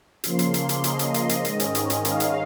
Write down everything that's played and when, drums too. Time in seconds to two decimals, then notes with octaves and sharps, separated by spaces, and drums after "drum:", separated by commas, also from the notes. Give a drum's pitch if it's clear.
0.24 C#3 F3 A#3 C6, drum: hi-hat
0.39 drum: hi-hat
0.54 drum: hi-hat
0.69 drum: hi-hat
0.84 D#5, drum: hi-hat
0.99 drum: hi-hat
1.14 drum: hi-hat
1.29 drum: hi-hat
1.45 G#2 D#3 G#3 C#4, drum: hi-hat
1.60 drum: hi-hat
1.75 drum: hi-hat
1.90 drum: hi-hat
2.05 F5, drum: hi-hat
2.20 drum: hi-hat